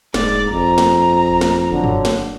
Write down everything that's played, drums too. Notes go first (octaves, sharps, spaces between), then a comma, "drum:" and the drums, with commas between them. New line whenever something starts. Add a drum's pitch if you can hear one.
E1 G#2 D5, drum: snare
G1 F2 A#5
drum: snare
drum: snare
F#1 D3 F#3
drum: tom F#2
drum: snare